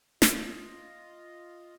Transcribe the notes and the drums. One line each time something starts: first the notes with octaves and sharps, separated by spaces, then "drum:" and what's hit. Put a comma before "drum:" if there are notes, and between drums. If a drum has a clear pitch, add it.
F4 D#5, drum: snare